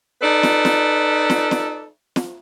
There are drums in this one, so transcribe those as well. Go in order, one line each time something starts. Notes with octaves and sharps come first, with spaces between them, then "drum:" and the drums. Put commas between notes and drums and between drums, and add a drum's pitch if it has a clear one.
D#4 A4 B4 D5
drum: snare
drum: snare
drum: snare
drum: snare
drum: snare